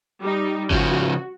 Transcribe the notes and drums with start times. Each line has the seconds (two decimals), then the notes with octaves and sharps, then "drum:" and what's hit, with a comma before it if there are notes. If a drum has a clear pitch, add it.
0.20 G3 D#4
0.70 C#3 F3 F#4, drum: kick G1